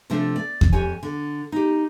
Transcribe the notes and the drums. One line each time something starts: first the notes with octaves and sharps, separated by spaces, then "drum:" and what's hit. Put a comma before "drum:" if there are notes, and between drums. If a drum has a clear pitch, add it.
C3 F3 A3 D4 A4
D5
drum: kick E2
F2 G4 C#5 G#5
D3
D#4 G4